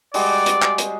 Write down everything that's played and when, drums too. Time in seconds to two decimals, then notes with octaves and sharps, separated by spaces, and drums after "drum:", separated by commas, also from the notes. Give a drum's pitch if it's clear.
0.14 G3 G#3 F#4 D5, drum: open hi-hat
0.46 drum: hi-hat
0.62 drum: clap
0.78 drum: hi-hat